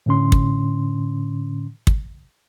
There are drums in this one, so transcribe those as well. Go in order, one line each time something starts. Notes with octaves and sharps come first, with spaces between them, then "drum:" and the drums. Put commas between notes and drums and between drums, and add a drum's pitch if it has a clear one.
A2 D3 C#4 C6
drum: kick
drum: kick